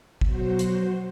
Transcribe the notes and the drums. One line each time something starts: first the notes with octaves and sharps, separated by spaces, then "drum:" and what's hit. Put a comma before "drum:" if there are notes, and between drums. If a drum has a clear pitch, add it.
B2 F#3 F#4 C5, drum: kick
drum: hi-hat